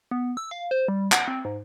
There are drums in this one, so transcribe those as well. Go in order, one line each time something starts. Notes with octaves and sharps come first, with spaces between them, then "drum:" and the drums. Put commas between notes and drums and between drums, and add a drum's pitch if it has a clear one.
B3
E6
F5
C5
G3
F#5, drum: clap
C4
G#2